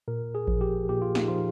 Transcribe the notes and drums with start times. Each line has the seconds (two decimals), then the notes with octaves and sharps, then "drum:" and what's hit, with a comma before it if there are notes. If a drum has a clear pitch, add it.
0.08 A#2 A#4
0.35 G#4
0.48 F3, drum: kick A1
0.61 G4
0.89 A#2 G4
1.02 F4
1.15 D#4, drum: snare
1.28 F3 F4